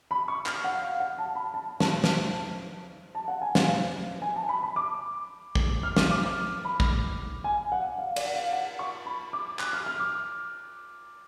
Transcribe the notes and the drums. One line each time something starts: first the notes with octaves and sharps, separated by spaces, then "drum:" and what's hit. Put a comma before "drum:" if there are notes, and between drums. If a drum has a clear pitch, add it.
B5
C#6
F6, drum: clap
F#5
F5
F#5
A5
B5
A5
A5, drum: snare
drum: snare
A5
F#5
G#5
F5, drum: snare
G#5
A5
B5
B5
D6
drum: kick
F6
D6, drum: snare
D6
F6
B5
drum: kick
G#5
F#5
F5
D5, drum: cymbal
F#5
F5
F#5
C#6
B5
D6
F#6, drum: clap
F6
F6
D6